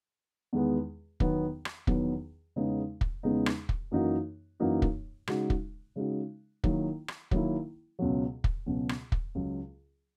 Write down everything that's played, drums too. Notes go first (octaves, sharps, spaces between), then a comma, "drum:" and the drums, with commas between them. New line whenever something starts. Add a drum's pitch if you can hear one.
E2 D#3 G#3 B3
E2 D#3 F#3 B3, drum: kick
drum: rim click
E2 D#3 F#3 B3, drum: kick
E2 C#3 G#3 B3 D#4
drum: kick
E2 C#3 G#3 B3 D#4
drum: rim click
drum: kick
F#2 E3 A#3 D#4 F#4
F#2 E3 A#3 D#4 F#4
drum: kick
C#3 G#3 D#4 F#4, drum: rim click
drum: kick
C#3 G#3 D#4 F#4
D#3 F#3 A#3 E4, drum: kick
drum: rim click
D#3 F#3 A#3 E4, drum: kick
C#2 B2 F#3
drum: kick
C#2 B2 F#3
drum: rim click
drum: kick
C#2 C#3 F#3